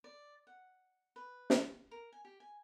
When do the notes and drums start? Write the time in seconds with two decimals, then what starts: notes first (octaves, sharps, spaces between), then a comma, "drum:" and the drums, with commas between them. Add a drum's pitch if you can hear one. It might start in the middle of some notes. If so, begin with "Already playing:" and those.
0.04 D5
0.47 F#5
1.16 B4
1.50 drum: snare
1.91 A#4
2.13 G#5
2.25 G4
2.40 G#5